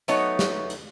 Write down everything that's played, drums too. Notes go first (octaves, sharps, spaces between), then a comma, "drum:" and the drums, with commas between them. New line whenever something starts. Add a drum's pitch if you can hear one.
F#3 A3 B3 D#4 C#5, drum: hi-hat
drum: snare
drum: hi-hat